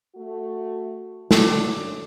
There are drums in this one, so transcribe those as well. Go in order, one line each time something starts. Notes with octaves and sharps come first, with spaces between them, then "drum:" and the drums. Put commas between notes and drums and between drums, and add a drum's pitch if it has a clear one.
A3 F#4
F#2 D3 D4 A4, drum: snare